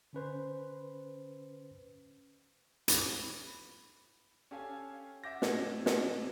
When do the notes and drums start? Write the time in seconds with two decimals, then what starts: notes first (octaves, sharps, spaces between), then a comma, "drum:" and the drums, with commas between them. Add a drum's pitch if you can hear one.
0.13 D3 C#4 B4 C5
2.88 B4, drum: hi-hat
4.51 C#4 G4 A4 C#5 F5 G#5
5.24 E5 F#5 D6 G6 A#6
5.42 A2 G#6, drum: snare
5.86 drum: snare